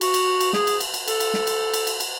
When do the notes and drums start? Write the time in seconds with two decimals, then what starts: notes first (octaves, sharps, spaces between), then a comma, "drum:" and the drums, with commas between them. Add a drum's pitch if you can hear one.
0.01 F#4, drum: cymbal
0.14 drum: cymbal
0.40 drum: cymbal
0.53 G#4, drum: snare
0.67 drum: cymbal
0.80 drum: cymbal
0.94 drum: cymbal
1.08 A4, drum: cymbal
1.20 drum: cymbal
1.34 drum: snare
1.47 drum: cymbal
1.74 drum: cymbal
1.87 drum: cymbal
2.00 drum: cymbal